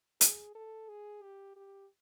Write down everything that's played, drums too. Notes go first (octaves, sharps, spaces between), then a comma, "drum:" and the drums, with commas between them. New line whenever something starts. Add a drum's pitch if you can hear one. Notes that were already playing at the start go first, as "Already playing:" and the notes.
G#4, drum: hi-hat
A4
G#4
G4
G4